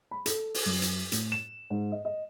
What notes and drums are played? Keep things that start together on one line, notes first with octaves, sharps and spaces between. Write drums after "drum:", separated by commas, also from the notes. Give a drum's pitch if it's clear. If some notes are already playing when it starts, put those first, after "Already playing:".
B5
A4, drum: hi-hat
drum: open hi-hat
F#2
drum: hi-hat
A2, drum: hi-hat
E7
G#2
D#5
D#5